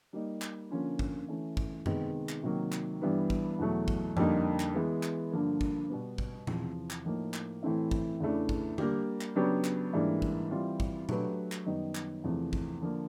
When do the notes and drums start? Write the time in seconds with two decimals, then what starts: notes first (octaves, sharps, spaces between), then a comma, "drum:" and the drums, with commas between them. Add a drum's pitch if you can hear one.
0.13 G3 A#3 D#4
0.42 drum: clap
0.70 D3 F3 A#3 C#4 F4
0.99 drum: kick
1.28 E3 A3 C#4
1.57 drum: kick
1.86 C3 D#3 G#3 B3, drum: tom F#2
2.29 drum: clap
2.43 C3 D#3 F#3 A#3
2.72 drum: clap
3.01 G2 E3 G3 B3
3.30 drum: kick
3.59 E2 B2 F#3 A3
3.88 drum: kick
4.17 F2 D3 G3 A#3 D#4, drum: tom F#2
4.60 drum: clap
4.74 E3 G#3 B3
5.03 drum: clap
5.32 G2 D3 F3 A#3
5.61 drum: kick
5.90 B2 G3 B3
6.18 drum: kick
6.47 E2 C3 F3, drum: tom A#2
6.90 drum: clap
7.05 A2 F3 A#3 D#4
7.34 drum: clap
7.63 A2 E3 A3 C4 E4
7.91 drum: kick
8.20 E2 C#3 E3 A3 D4
8.49 drum: kick
8.78 G3 A#3 D4 G4, drum: tom D3
9.21 drum: clap
9.36 C#3 F#3 B3 D4 G4
9.64 drum: clap
9.93 G#2 E3 G3 A#3 D4
10.22 drum: kick
10.51 E3 G3 C4 F4
10.80 drum: kick
11.09 F#3 A3 D4 G4 B4, drum: tom A#2
11.52 drum: clap
11.66 F#2 D#3 G3 B3 D#4
11.95 drum: clap
12.24 E2 C3 F3 A3 C4
12.53 drum: kick
12.81 D3 F3 A#3 D4